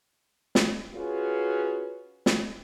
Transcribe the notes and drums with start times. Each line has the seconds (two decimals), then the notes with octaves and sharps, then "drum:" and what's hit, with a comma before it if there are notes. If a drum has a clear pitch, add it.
0.55 drum: snare
0.94 C#4 F4 F#4 G#4 B4
2.26 drum: snare